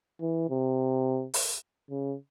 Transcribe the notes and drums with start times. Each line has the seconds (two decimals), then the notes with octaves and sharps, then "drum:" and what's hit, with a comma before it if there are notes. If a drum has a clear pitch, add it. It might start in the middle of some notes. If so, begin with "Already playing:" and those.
0.21 E3
0.50 C3
1.34 drum: open hi-hat
1.90 C#3